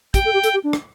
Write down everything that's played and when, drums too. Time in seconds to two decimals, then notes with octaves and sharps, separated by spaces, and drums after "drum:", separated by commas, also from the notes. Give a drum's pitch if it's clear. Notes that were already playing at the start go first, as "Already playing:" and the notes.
0.14 G4 G5, drum: kick, hi-hat
0.25 A4
0.34 G4
0.44 A4, drum: hi-hat
0.54 G4
0.64 D4
0.73 drum: rim click